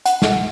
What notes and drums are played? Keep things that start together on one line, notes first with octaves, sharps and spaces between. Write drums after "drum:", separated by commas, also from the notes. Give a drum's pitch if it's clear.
F#5, drum: hi-hat
drum: snare